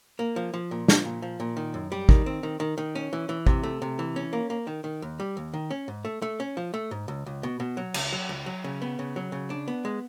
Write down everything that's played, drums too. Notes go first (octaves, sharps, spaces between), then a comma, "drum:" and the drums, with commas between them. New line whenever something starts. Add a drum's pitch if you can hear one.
A#3
F3
F3
A#2
F3, drum: snare
A#2
F3
A#2
D#3
F#2
G3
D#3, drum: kick
C4
D#3
D#3
D#3
C#4
E3
E3
C3, drum: kick
A3
C3
E3
C#4
A#3
A#3
D#3
D#3
D#2
G3
D#2
D#3
C#4
G#2
A3
A3
C#4
F3
A3
G#2
C#2
C#2
B2
B2
F#3
C#2, drum: cymbal
F#3
C#2
F#3
C#3
B3
C#3
F#3
C#3
D4
B3
G#3